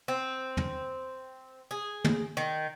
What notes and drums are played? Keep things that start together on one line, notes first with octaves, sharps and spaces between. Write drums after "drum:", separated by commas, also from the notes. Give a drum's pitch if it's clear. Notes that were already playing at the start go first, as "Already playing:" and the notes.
C4
drum: tom
G#4
drum: tom
D#3